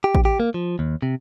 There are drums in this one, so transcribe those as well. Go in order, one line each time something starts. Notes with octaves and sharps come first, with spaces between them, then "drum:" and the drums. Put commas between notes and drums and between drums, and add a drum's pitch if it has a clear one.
G4
drum: kick A1
G4
A#3
F3
D#2
C3